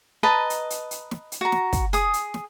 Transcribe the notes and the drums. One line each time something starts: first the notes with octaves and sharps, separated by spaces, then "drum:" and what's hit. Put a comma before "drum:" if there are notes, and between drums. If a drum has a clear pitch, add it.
B4 D#5 A5 A#5
drum: hi-hat
drum: hi-hat
drum: hi-hat
drum: snare
drum: hi-hat
F#4 A#5
drum: snare
drum: kick, hi-hat
G#4 D#6, drum: hi-hat
drum: hi-hat
drum: snare